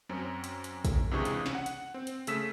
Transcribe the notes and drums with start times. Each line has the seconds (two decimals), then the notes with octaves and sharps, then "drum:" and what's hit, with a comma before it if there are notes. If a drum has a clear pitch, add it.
0.09 F#2 C4 C#4
0.44 drum: hi-hat
0.64 drum: hi-hat
0.85 drum: kick, hi-hat
1.11 C#2 C3 E3 D4 G#4 C#6
1.25 drum: hi-hat
1.46 drum: snare
1.55 F#5
1.66 drum: hi-hat
1.94 C4
2.07 drum: hi-hat
2.27 C#3 A3 E6 B6 E7, drum: hi-hat